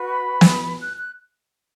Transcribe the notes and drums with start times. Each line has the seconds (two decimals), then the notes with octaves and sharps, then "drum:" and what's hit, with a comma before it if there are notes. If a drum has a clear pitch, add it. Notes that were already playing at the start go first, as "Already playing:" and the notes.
Already playing: F#4 B4
0.10 B5
0.41 drum: snare
0.81 F#6
0.97 F#6